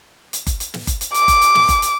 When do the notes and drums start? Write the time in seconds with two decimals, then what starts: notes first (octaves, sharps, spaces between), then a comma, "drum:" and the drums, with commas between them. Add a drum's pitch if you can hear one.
0.33 drum: hi-hat
0.47 drum: kick F#1, hi-hat
0.60 drum: hi-hat
0.74 drum: snare
0.87 drum: kick F#1, hi-hat
1.01 drum: hi-hat
1.14 D6, drum: hi-hat
1.28 drum: kick F#1, hi-hat
1.41 drum: hi-hat
1.55 drum: snare
1.69 drum: kick F#1, hi-hat
1.82 drum: hi-hat